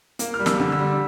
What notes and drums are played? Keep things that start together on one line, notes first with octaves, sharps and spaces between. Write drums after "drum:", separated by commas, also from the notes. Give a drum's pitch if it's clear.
A#3, drum: hi-hat
F6
G3
E6, drum: snare
D3
E6
G3